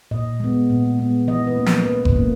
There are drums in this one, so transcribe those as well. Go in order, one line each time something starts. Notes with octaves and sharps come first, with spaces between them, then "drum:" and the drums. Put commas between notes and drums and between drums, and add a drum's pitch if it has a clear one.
A#2 D#5
G#3 B3
A#2
G#3 B3
E3 D#5
B4
A#3 C#4
drum: snare
E3 B4
drum: kick F#1
A#3 C#4